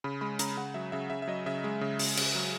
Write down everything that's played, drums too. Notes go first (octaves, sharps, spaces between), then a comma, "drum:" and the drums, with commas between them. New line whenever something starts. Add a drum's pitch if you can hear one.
C#3 B5
G#3 B5
C#3 A#5, drum: hi-hat
C#3 F#5
F#3 E5
C#3 E5
C#3 E5
E5
F#3 D#5
C#3 E5
G#3
C#3
C#3, drum: open hi-hat
C#3, drum: cymbal
F#3